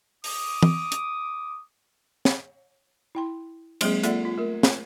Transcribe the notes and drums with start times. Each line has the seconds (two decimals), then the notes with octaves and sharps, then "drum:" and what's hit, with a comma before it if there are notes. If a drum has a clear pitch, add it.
0.24 D6 D#6, drum: open hi-hat
0.63 drum: tom
0.92 drum: hi-hat
2.25 drum: snare
3.15 E4 G5 C6
3.81 F#3 G#3 A#3 C4 G#4, drum: cymbal
4.04 A#3 F4 A4 D5 E5 F#5, drum: hi-hat
4.25 F4
4.38 A3 A#4
4.63 drum: snare